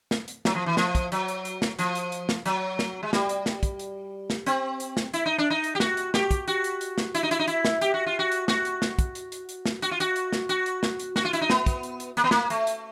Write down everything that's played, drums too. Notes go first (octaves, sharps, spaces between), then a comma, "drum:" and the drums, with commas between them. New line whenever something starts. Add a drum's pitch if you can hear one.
drum: snare
drum: hi-hat
F#3, drum: snare
F3
E3
F3, drum: snare
drum: kick, hi-hat
F#3, drum: hi-hat
drum: hi-hat
drum: hi-hat
drum: snare
F3, drum: hi-hat
drum: hi-hat
drum: hi-hat
drum: snare
F#3, drum: hi-hat
drum: snare
G#3
G3, drum: snare
drum: hi-hat
drum: snare
drum: kick, hi-hat
drum: hi-hat
drum: snare
C4, drum: hi-hat
drum: hi-hat
drum: snare
E4, drum: hi-hat
D#4
D4
D#4
drum: hi-hat
G4
F#4, drum: snare
drum: hi-hat
G4, drum: snare
drum: kick, hi-hat
F#4, drum: hi-hat
drum: hi-hat
drum: hi-hat
drum: snare
E4, drum: hi-hat
D#4
E4, drum: hi-hat
D#4
E4, drum: hi-hat
drum: snare
G4, drum: hi-hat
F#4
F4
F#4
drum: hi-hat
F#4, drum: snare
drum: hi-hat
drum: snare
drum: kick, hi-hat
drum: hi-hat
drum: hi-hat
drum: hi-hat
drum: snare
F#4, drum: hi-hat
F4
F#4, drum: hi-hat
drum: hi-hat
drum: snare
F#4, drum: hi-hat
drum: hi-hat
drum: snare
drum: hi-hat
F#4, drum: snare
F4
E4, drum: hi-hat
D#4
B3, drum: snare
drum: kick, hi-hat
drum: hi-hat
drum: hi-hat
A#3, drum: hi-hat
B3
A#3, drum: snare
A3, drum: hi-hat
drum: hi-hat